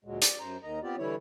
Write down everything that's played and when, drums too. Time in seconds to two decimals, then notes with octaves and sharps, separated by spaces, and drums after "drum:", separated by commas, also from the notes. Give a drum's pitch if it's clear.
0.05 D2 A#2 F#3 G#3
0.22 D5, drum: hi-hat
0.40 F#2 C5 A#5
0.63 D#2 D#3 D#5 A#5
0.83 B3 C4 F4 G4 D5
0.98 D3 E3 G3 E4 C#5